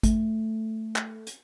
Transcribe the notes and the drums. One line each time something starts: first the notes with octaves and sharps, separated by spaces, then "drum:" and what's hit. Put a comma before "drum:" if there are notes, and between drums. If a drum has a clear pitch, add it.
A3, drum: kick G#1, hi-hat
drum: clap
drum: hi-hat